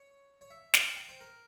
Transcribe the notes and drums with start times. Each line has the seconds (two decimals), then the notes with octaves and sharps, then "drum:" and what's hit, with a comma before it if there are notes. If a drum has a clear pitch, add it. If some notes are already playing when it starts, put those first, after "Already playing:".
Already playing: C#5
0.41 C#5
0.50 E5
0.74 F5, drum: snare
0.97 G5
1.09 C5
1.21 A#4